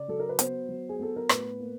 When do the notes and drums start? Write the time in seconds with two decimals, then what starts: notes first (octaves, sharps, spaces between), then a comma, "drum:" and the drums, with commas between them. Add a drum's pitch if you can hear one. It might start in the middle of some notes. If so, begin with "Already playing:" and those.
Already playing: C#3 D5
0.08 F#3 A4
0.20 A#4
0.29 B4
0.39 B3 C5, drum: hi-hat
0.69 F#3
0.89 G#4
0.99 B3 A4
1.16 A#4
1.29 A2 B4, drum: rim click
1.60 A#3